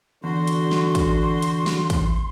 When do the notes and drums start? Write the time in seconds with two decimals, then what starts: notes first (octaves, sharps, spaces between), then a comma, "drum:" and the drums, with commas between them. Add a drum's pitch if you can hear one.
0.24 E2 D3 F#4 C6
0.47 drum: hi-hat
0.71 drum: snare
0.95 drum: kick, hi-hat
1.42 drum: hi-hat
1.66 drum: snare
1.90 drum: kick, hi-hat